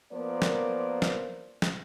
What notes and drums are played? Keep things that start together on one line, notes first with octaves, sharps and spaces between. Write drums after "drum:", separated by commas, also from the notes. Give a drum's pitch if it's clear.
F3 A#3 B3 A#4 D5
drum: snare
drum: snare
drum: snare